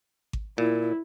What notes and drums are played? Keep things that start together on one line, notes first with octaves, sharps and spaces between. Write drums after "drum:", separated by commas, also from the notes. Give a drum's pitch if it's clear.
drum: kick G#1
A#2 E4